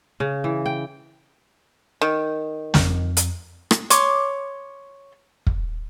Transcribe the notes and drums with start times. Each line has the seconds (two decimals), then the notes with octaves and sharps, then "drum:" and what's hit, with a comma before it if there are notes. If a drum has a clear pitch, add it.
0.20 C#3
0.44 E3
0.66 G5
2.01 D#3
2.74 F2, drum: snare
3.17 drum: hi-hat
3.71 drum: rim click
3.90 C#5 C6 D6, drum: hi-hat
5.47 drum: kick